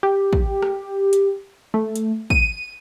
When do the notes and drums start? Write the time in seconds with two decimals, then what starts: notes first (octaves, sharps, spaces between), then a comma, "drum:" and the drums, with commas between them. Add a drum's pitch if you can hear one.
0.03 G4
0.33 drum: kick
0.62 drum: rim click
1.13 drum: hi-hat
1.74 A3
1.96 drum: hi-hat
2.30 D#7, drum: kick